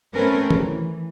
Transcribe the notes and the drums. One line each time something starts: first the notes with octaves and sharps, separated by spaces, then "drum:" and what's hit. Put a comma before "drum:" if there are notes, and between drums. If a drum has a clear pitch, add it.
A3 C4 C#4 A#4 B4 C#5
E3, drum: tom D#3